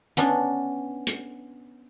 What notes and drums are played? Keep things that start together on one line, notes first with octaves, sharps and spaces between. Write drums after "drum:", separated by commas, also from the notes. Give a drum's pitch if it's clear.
B3 C#4 D4, drum: hi-hat
drum: hi-hat